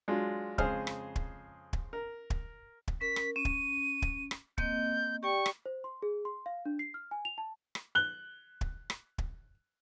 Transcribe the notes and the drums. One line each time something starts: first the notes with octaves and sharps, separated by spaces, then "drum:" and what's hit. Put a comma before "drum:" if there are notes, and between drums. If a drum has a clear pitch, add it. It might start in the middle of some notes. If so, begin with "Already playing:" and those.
F#3 G#3 D4 F4 F#4
F2 C#3 G#3 G#4 C5 F6, drum: kick
drum: rim click
drum: kick
drum: kick
A#4
drum: kick
drum: kick
C#4 A#4 B6
drum: rim click
C#4 D#7
drum: kick
drum: kick
drum: rim click
A#3 C4 D#5 G6, drum: kick
G4 D5 G5 C#6
drum: rim click
C5
C6
G#4
C6
F5
D4
C7
F6
G#5
F7
A5
drum: rim click
F#6 G7
drum: kick
drum: rim click
drum: kick